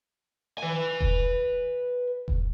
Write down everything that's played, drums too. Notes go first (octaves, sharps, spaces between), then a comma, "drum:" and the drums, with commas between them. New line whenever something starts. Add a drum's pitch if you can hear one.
B4 G#5
drum: kick E1
drum: kick E1